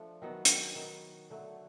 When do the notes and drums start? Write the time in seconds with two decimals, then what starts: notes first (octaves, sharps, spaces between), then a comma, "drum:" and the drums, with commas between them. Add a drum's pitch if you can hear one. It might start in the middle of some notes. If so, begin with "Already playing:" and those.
Already playing: F3 A3 D4
0.22 D#3 F#3 B3
0.45 drum: hi-hat
0.75 D#3 F#3 B3
1.30 D3 F#3 A3